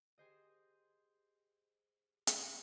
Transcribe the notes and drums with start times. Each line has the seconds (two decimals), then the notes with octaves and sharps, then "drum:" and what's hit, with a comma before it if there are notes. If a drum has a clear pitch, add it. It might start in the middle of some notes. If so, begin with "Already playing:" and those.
0.18 G4 G#4 C5 D#5
2.27 drum: hi-hat